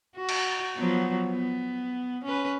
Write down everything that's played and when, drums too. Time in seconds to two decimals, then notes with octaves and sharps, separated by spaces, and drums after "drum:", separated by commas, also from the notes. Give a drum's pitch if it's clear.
0.16 F#4
0.29 drum: cymbal
0.76 F3 F#3 B3
1.29 B3
2.24 C#4 B4